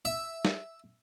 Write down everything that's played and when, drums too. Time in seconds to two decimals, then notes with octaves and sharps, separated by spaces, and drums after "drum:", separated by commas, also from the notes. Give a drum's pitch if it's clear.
0.05 E5
0.45 drum: snare